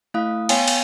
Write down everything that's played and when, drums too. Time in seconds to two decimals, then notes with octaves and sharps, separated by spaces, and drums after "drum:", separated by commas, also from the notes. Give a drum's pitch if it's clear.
0.14 A3 E4 F5 D#6
0.49 B3 C#5 F5 G5 G#5, drum: cymbal
0.68 drum: cymbal